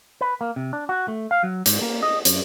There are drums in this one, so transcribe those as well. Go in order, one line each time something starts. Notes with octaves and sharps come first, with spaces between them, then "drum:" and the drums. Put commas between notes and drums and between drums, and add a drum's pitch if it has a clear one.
B4
A#3
C3
D4
F#4
A3
F5
F#3
G#2, drum: hi-hat
A#3
D#5
F#2, drum: hi-hat